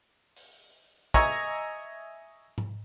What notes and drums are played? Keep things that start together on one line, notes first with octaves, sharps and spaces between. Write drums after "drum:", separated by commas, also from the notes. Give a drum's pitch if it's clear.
drum: open hi-hat
D#5 E5 G#5 A#5 C#6, drum: kick
drum: tom G#2